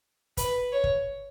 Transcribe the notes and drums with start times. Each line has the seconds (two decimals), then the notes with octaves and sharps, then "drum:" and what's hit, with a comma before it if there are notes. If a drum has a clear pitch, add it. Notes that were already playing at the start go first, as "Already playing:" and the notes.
0.37 B4, drum: kick, hi-hat
0.72 C#5
0.84 drum: kick